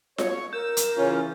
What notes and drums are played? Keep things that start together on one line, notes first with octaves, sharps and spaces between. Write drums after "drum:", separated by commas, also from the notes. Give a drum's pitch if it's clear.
C#5, drum: snare F4
A#4 E6 G6
drum: hi-hat
C#3 E3 C#4 F4